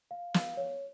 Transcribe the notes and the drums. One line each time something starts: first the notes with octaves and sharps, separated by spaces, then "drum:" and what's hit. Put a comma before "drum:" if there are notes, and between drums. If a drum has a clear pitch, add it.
F5
F5, drum: snare
C#5